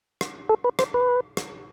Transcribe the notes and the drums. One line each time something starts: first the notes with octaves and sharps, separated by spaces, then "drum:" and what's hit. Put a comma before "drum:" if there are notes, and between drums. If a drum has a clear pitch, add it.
drum: rim click
A4
B4
C5, drum: rim click
B4
drum: rim click